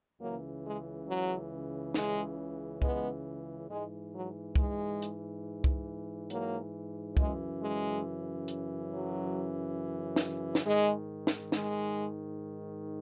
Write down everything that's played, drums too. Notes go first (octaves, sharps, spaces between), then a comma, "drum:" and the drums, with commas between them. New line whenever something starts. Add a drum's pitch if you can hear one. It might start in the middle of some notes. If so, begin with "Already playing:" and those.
C#2 C#3 E3 F#3 A#3
G#3
F#3
G#3, drum: snare
G#3 B3, drum: kick C2
G#2 E3 G#3
F#3
G#3, drum: kick C2
drum: hi-hat
drum: kick C2
F#3 A#3, drum: hi-hat
F#2 C#3 E3 G#3, drum: kick C2
G#3
drum: hi-hat
F#3
drum: snare
drum: snare
G#2 D#3 G#3
drum: snare
G#3, drum: snare